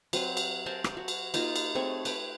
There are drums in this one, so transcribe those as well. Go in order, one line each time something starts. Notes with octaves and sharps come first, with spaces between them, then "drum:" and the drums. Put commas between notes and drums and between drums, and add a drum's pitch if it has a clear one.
F#3 C4 B4 C6, drum: cymbal
drum: cymbal
A#4 C5 G#5 A5
drum: rim click
F#4
drum: cymbal
A#3 D#4 F4, drum: cymbal
drum: cymbal
A3 C4 G#4 C#5
B4 G5 B5, drum: cymbal